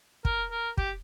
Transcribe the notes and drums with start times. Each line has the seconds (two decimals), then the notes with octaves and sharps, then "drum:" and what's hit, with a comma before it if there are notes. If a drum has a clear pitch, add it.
0.25 A#4, drum: kick
0.51 A#4
0.77 G4, drum: kick